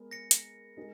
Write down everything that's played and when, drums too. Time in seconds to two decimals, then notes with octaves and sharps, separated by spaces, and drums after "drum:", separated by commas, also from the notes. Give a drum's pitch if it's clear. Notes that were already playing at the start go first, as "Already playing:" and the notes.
Already playing: G#3 B3 A#4
0.11 A#6 C#7
0.31 drum: hi-hat
0.77 G#3 D#4 A#4